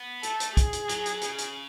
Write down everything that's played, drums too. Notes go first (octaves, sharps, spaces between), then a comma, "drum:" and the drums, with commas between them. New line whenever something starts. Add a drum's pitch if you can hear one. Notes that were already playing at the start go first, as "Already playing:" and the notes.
Already playing: B3
A3 A4, drum: hi-hat
drum: hi-hat
G#4, drum: kick, hi-hat
drum: hi-hat
F#3, drum: hi-hat
drum: hi-hat
C#3, drum: hi-hat
drum: hi-hat